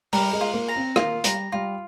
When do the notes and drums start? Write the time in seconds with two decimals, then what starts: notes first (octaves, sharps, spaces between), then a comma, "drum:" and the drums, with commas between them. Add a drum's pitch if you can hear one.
0.13 G3 A#4, drum: open hi-hat
0.33 G#3
0.41 F4
0.54 A#3
0.68 A#5
0.76 C4
0.96 A#3 F4, drum: rim click
1.24 G3 A#5, drum: hi-hat
1.52 G3 F4